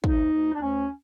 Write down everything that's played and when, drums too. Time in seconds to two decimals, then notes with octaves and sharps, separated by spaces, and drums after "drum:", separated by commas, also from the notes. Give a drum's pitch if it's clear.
0.04 D2 D#4, drum: kick
0.33 D2
0.54 D4
0.61 D2 C#4